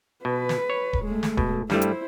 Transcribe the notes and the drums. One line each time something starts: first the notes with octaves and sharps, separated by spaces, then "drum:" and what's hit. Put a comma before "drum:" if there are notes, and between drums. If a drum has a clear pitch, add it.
B2 B4
drum: snare
C#5
drum: kick D#1
G#3 A3
drum: snare
B2, drum: kick D#1
G2 G3 A3 E4 C5, drum: snare
drum: hi-hat